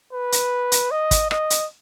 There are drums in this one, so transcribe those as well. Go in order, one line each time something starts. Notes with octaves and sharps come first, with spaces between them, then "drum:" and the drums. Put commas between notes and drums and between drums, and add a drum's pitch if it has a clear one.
B4
drum: hi-hat
drum: hi-hat
D#5
drum: kick, hi-hat
D#5, drum: rim click
drum: hi-hat